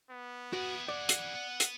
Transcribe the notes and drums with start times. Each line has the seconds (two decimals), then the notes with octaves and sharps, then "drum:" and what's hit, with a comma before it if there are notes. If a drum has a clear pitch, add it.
0.10 B3
0.53 E4 F#4 G#4
0.88 D5 F#5
1.09 drum: hi-hat
1.34 B3
1.60 drum: hi-hat